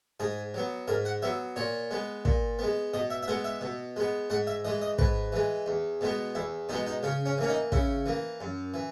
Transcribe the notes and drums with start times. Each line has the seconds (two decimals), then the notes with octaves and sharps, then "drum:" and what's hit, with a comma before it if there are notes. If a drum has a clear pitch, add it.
0.20 G#2 G#4
0.54 F#3 B3
0.88 G#2 A#4
1.05 F#5
1.22 F#3 B3 E5
1.56 A#2 C#5
1.91 G#3 B3
2.25 A#2, drum: kick
2.59 G#3 B3
2.94 B2 D#5
3.10 E5
3.23 E5
3.28 G#3 B3 F#5
3.44 E5
3.61 B2
3.96 G#3 B3
4.30 G#2 F#5
4.47 E5
4.65 E3 G#3 D#5
4.82 D#5
4.99 G#2 B4, drum: kick
5.32 E3 G#3
5.66 E2
6.01 B2 G#3 B3
6.35 E2 E4
6.69 B2 G#3 B3 D#4
6.87 D#4
7.03 C#3 C#4
7.26 C#4
7.38 E3 A#3 C#4
7.49 D#4
7.72 C#3 E4, drum: kick
8.06 E3 A#3
8.41 F#2
8.74 E3